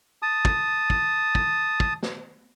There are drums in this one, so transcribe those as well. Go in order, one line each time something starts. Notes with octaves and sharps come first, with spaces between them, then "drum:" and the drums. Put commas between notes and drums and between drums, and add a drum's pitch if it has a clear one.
A5 D#6
drum: kick
drum: kick
drum: kick
drum: kick
drum: snare